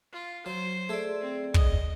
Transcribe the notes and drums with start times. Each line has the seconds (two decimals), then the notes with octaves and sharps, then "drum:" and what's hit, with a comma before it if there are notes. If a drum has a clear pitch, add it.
0.12 F4
0.46 F#3 C5
0.89 A3 G#4 A4 D5
1.21 C4
1.54 D#5, drum: kick